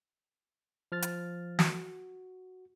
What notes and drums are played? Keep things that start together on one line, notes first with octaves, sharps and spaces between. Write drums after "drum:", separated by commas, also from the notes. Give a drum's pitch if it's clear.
F3 F6 A6
drum: hi-hat
F#4, drum: snare